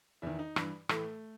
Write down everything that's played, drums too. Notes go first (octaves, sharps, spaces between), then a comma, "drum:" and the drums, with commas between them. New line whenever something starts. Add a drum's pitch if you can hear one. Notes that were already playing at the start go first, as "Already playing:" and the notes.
E2 D#3 E4
D#4
G2 E3, drum: rim click
A2 E3 A3, drum: rim click